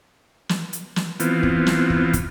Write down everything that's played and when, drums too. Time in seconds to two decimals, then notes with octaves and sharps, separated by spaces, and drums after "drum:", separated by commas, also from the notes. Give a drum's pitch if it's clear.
0.49 drum: snare
0.73 drum: hi-hat
0.96 drum: snare
1.20 E3 B3 C4 F4, drum: hi-hat
1.43 drum: kick
1.67 drum: snare
1.90 drum: kick
2.13 drum: kick, hi-hat